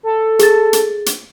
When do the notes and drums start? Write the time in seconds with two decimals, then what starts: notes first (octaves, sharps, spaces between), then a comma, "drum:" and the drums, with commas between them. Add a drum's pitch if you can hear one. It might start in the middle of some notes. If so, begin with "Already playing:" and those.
0.03 A4
0.39 G#4 A6, drum: hi-hat
0.73 drum: hi-hat
1.06 drum: hi-hat